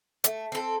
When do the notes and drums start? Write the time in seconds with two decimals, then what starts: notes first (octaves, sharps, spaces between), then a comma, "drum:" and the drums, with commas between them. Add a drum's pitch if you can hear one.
0.24 A3, drum: hi-hat
0.52 C4 A4